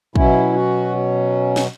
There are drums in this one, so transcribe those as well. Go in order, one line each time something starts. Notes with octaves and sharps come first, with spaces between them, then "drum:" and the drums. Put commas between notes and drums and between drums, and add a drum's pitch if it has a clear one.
B2 F#3 C#4 E4, drum: kick
F#4
drum: snare